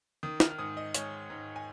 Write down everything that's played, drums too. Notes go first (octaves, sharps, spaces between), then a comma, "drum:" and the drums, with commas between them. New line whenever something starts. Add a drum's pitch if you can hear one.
D#3 D#6
F6, drum: snare
F6
G#2 D#6
D#5
G#3 C#5, drum: hi-hat
G#2
G#5